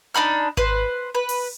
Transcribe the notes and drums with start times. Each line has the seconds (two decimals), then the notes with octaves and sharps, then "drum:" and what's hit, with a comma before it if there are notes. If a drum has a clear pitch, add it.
0.14 D4 D#4 B5 F6
0.57 B4 C5, drum: kick G#1
1.15 B4
1.29 drum: open hi-hat